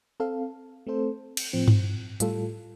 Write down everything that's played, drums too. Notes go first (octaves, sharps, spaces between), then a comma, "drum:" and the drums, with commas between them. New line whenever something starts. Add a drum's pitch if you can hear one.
C4 A4 F5
A3 C4 A4 C5
drum: cymbal
A2 F3 C4
drum: tom G2
A2 G3 F4 A4, drum: hi-hat